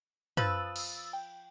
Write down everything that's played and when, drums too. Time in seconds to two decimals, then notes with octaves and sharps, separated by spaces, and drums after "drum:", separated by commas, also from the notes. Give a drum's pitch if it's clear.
0.37 F3 B4 D#6 E6 A6, drum: tom F#2
0.76 drum: cymbal
1.13 G5